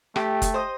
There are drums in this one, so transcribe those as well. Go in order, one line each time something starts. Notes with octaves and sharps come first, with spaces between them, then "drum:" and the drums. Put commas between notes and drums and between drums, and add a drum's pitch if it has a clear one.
A3 G4, drum: rim click
drum: kick, hi-hat
C5 D#5